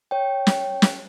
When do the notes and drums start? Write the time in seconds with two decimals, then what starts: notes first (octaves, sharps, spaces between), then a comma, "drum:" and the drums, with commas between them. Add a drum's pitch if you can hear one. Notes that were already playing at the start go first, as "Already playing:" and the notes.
0.11 C#5 G5
0.47 drum: snare
0.82 drum: snare